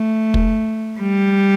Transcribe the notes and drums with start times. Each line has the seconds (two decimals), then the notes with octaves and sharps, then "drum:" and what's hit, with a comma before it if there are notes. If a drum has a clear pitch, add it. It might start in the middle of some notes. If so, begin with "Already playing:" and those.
Already playing: A3
0.34 drum: kick
1.00 G3